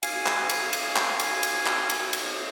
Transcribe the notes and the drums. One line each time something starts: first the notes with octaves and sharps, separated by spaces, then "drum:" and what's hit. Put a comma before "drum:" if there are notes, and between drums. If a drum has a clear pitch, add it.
F5 G#5, drum: cymbal
drum: clap
drum: cymbal
drum: cymbal
drum: clap
drum: cymbal
drum: cymbal
drum: clap
drum: cymbal
drum: cymbal